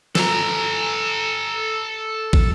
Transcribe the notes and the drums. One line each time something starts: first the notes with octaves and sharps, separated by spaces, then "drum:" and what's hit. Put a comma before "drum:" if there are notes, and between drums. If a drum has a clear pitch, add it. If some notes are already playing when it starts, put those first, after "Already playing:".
A4 A#5, drum: snare
drum: kick